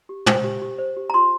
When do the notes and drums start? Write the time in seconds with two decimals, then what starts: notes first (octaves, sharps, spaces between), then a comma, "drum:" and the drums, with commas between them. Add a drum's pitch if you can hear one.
0.09 G4
0.26 C5, drum: tom
0.44 G4
0.62 G4
0.78 C5
0.96 G4
1.10 A#5
1.14 F4 C6